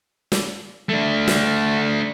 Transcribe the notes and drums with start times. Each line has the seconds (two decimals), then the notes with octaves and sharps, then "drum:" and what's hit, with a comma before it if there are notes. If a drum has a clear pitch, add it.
0.32 drum: snare
0.89 A3 D4
1.28 drum: snare